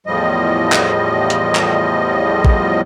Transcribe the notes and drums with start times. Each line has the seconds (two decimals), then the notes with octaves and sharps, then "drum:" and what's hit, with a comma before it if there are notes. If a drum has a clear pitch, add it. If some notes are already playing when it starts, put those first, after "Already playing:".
0.07 E2 A2 F3 G3 D#5
0.72 drum: clap
1.30 drum: hi-hat
1.55 drum: clap
2.45 drum: kick